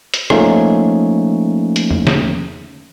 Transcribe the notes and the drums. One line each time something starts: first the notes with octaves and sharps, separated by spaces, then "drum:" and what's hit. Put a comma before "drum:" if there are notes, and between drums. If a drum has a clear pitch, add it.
drum: hi-hat
F3 A3 A#3 C#4 D#4 C#5, drum: rim click
drum: hi-hat
drum: tom E2
drum: snare